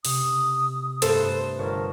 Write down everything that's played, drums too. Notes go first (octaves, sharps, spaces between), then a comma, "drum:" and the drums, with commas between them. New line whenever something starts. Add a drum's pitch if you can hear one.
C3 D#6, drum: open hi-hat
G2 A3 A#3 A4 B4 C5, drum: hi-hat
G1 A#4 C#5 A5